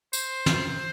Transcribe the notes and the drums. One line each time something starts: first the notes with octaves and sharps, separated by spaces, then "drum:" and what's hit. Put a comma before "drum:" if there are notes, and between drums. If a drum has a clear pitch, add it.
C5, drum: tambourine
drum: snare